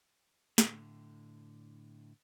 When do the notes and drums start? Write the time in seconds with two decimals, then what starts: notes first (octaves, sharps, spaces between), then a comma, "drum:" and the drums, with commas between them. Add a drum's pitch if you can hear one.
0.58 A2 D3, drum: snare